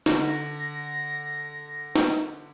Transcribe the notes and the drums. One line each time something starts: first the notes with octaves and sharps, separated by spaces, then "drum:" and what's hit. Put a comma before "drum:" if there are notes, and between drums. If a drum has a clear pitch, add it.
D3 A#6, drum: snare
drum: snare